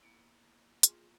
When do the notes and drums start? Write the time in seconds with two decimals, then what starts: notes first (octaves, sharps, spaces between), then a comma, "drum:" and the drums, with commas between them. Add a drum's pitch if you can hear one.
0.01 A#3 B3 E4
0.83 F4 G#4 C6, drum: hi-hat